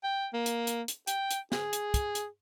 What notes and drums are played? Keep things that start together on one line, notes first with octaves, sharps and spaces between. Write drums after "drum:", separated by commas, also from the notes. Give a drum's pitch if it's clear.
G5
A#3
drum: hi-hat
drum: hi-hat
drum: hi-hat
G5, drum: hi-hat
drum: hi-hat
G#4, drum: snare
drum: hi-hat
drum: kick, hi-hat
drum: hi-hat